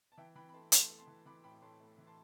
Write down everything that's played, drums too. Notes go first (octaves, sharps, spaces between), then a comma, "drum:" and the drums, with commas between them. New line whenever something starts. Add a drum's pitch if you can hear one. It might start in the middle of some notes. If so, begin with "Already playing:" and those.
A5
E3 E5 G5
E3 G5 B5
B5
A3 A5 C6
A3 A5 C6, drum: hi-hat
A3
A5 C6
E3
E3 B5 D6
A2 G5 B5
A2 A5 C6
A3
E3
A5 C6